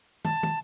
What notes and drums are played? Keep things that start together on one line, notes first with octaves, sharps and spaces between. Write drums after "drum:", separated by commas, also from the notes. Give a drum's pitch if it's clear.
A5, drum: tom
drum: tom